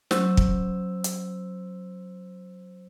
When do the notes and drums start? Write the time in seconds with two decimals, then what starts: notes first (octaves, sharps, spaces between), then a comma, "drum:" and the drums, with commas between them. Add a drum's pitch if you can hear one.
0.11 F#3 C#4 C5 E6, drum: snare
0.37 drum: kick
1.04 drum: hi-hat